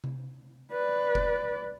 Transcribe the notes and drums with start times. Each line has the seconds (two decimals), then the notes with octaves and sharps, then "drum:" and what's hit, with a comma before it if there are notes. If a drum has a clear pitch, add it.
0.04 drum: tom C3
0.72 B4 D5
1.15 drum: kick F1